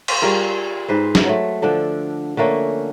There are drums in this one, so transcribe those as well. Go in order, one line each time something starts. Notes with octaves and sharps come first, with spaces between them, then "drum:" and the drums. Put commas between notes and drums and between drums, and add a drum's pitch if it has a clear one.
drum: cymbal
G3 F4 G#4 A#4
G#2 B4 C5
drum: snare
F#3 A3
D3 F3 D4 A4
D3 A3 A#3 C#4